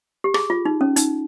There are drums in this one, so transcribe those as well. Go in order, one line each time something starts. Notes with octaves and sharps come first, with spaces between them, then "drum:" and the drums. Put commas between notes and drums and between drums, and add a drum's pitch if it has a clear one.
G4
G#4, drum: rim click
F4
D#4
C#4
D#4, drum: hi-hat